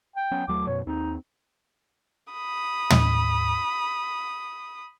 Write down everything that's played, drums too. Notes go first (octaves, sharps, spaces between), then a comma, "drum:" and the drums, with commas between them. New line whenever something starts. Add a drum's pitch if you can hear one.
G5
F#3 B3 C#4
D#2 F#3 A3 D6
F#2 B2 C#5
D#2 C4 D#4
B5 D#6
drum: tom